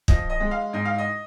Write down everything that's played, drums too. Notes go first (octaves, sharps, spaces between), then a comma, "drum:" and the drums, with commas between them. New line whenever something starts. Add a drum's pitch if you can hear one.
F3 D#5, drum: kick
D#5
G#3
F5
G#2 D#5
F5
D#5